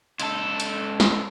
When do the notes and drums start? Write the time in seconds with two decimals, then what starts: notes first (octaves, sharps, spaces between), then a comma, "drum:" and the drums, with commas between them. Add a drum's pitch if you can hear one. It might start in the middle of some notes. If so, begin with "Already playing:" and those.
0.20 C#2 A4, drum: hi-hat
0.60 drum: hi-hat
1.00 drum: snare